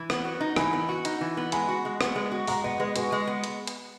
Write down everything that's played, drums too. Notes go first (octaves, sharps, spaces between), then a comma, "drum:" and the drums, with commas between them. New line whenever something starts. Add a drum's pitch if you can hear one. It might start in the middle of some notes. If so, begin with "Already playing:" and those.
Already playing: E3
B3, drum: rim click
F#4
D#4
E3 G#5 B5, drum: rim click
B3
F#4
D#4, drum: hi-hat
E3
B3
G#3 G#5 B5, drum: hi-hat
F#4
G#3
B3, drum: rim click
G#3
F#4
G#3 F#5 A#5, drum: open hi-hat
B3 D#5 F#5
G#3 B4 D#5
F#4 G#4 B4, drum: hi-hat
G#3
B3
drum: hi-hat
drum: hi-hat